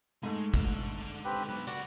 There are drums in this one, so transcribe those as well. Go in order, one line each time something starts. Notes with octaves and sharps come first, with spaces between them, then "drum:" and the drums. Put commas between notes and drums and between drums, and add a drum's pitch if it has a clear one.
G#2 G#3 A3
D3 D4, drum: kick, hi-hat
C4 G4 B4
F#3 B3 B4
C#2 F#4 D5 F#5, drum: hi-hat